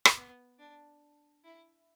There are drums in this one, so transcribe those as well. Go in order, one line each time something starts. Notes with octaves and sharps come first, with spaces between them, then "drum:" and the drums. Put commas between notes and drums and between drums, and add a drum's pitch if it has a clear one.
drum: rim click
B3
D4
E4